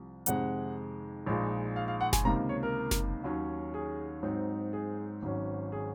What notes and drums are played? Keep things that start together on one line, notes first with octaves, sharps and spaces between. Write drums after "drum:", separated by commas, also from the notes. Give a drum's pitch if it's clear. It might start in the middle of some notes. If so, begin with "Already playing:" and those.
Already playing: C2 F3
F2 C3 D#3 G#3 F#5, drum: hi-hat
A#1 A#2 G#3 D#4
F5
F5
F#5
G#5, drum: snare F#1
C#2 C3 D#3 A#3 A#5
C#5
A#4
drum: snare F#1
D#2 D#3 F#3 C#4
G#4
G#2 F#3 C4 D#4
G#4
G#1 G#2 F#3 C#4
G#4